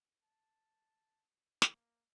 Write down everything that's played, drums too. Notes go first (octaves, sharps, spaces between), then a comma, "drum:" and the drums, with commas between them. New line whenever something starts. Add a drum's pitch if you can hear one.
A5
A#3, drum: snare